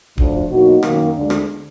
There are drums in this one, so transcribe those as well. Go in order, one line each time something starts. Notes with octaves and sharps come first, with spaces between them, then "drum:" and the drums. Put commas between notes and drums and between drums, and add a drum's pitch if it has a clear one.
D2 D3 F3, drum: kick D1
B2 F#3 A#3 D#4 F#4
F#2 D#3 A#3, drum: rim click
D2 D3 G#3 D4
drum: rim click